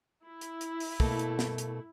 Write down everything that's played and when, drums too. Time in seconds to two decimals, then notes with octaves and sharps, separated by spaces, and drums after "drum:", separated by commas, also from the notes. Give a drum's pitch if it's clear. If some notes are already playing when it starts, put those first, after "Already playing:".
0.25 E4
0.41 drum: hi-hat
0.61 drum: hi-hat
0.80 drum: open hi-hat
1.00 B2 A3 A#3, drum: kick
1.19 drum: hi-hat
1.39 drum: snare
1.58 drum: hi-hat